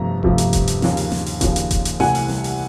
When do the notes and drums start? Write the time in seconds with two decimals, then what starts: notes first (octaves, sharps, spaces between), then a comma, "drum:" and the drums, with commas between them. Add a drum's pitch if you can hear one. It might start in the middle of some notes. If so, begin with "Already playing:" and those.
Already playing: G1 F2 C3 F3 A3 A#5
0.23 G1 F2 C3 F3 A3, drum: kick D#1
0.38 drum: hi-hat
0.53 drum: kick D#1, hi-hat
0.67 drum: hi-hat
0.82 D#2 C#3 F3, drum: snare
0.97 drum: open hi-hat
1.12 drum: snare
1.26 drum: open hi-hat
1.41 D#2 C#3 F3, drum: kick D#1, hi-hat
1.56 drum: hi-hat
1.71 drum: kick D#1, hi-hat
1.85 drum: hi-hat
2.00 C2 C3 E3 A3 F#5 G#5, drum: snare
2.15 drum: open hi-hat
2.29 drum: snare
2.44 drum: open hi-hat